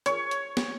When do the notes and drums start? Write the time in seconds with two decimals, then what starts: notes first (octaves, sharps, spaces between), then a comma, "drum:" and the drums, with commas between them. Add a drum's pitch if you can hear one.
0.06 C#5, drum: hi-hat
0.31 drum: hi-hat
0.57 drum: snare